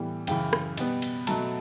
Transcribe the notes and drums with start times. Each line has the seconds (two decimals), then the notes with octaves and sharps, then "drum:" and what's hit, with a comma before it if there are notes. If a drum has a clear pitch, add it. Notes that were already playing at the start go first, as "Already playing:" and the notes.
Already playing: A2 E3 G3 B3
0.27 F#2 C#3 E3 G5, drum: cymbal
0.53 drum: rim click
0.77 B2 G3 B3, drum: cymbal
1.02 drum: cymbal
1.27 B2 F#3 A3 A5, drum: cymbal